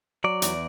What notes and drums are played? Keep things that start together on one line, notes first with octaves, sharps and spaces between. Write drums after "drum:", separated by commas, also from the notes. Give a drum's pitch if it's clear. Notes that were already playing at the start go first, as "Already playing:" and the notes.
F#3 D5
E2, drum: hi-hat